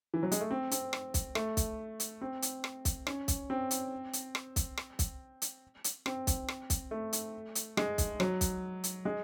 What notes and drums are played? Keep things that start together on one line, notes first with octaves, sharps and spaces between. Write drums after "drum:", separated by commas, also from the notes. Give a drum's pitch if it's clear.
E3
F#3
G#3, drum: hi-hat
A3
C4
C4, drum: hi-hat
drum: rim click
drum: kick, hi-hat
A3, drum: rim click
drum: kick, hi-hat
drum: hi-hat
C4
drum: hi-hat
drum: rim click
drum: kick, hi-hat
C#4, drum: rim click
drum: kick, hi-hat
C4
drum: hi-hat
drum: hi-hat
drum: rim click
drum: kick, hi-hat
drum: rim click
drum: kick, hi-hat
drum: hi-hat
drum: hi-hat
C4, drum: rim click
drum: kick, hi-hat
drum: rim click
drum: kick, hi-hat
A3
drum: hi-hat
drum: hi-hat
G#3, drum: rim click
drum: kick, hi-hat
F#3, drum: rim click
drum: kick, hi-hat
drum: hi-hat
G#3